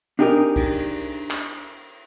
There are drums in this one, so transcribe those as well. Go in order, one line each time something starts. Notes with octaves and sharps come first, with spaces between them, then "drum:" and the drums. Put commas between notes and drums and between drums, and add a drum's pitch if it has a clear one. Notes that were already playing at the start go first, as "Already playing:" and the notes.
D4 D#4 G4 G#4 A#4
drum: kick C2, cymbal
drum: clap